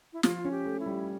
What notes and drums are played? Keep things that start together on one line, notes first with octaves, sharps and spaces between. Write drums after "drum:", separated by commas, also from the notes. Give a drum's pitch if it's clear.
E4
F3 F4, drum: snare
C#4
G4
A3
E4
G3